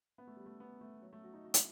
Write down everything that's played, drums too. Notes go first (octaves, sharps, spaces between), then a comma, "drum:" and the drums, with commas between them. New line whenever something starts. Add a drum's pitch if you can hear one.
B3
A3
G3
A3
B3
A3
F#3
A3
F#4
D#4
F#4
E4, drum: hi-hat